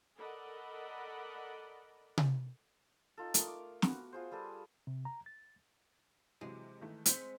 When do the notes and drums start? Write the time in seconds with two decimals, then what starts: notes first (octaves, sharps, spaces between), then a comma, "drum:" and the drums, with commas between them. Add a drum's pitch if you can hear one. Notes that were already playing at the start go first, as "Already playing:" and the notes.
0.17 A4 A#4 D5 D#5 F#5 B5
2.18 drum: tom C3
3.18 D#4 F4 A4
3.34 A3 A#4 D#6, drum: hi-hat
3.47 D6
3.82 B3 F#4, drum: snare
4.13 F4 G#4 C5
4.31 G3 G#4 A4 B4
4.87 C3
5.05 A#5
5.26 A6
6.41 C3 E3 F#3 G#3
6.81 D#3 E3 A3
7.06 G#3 C4 B6 C#7, drum: hi-hat